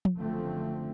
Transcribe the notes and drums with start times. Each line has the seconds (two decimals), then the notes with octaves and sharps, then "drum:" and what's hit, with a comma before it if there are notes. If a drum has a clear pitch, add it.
0.05 drum: tom F3
0.18 F#1 D3 F3 A3 C4